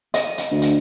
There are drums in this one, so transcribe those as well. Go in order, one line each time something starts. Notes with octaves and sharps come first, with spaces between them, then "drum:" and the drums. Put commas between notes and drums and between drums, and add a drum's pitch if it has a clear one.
D#5, drum: hi-hat
drum: hi-hat
D2
drum: hi-hat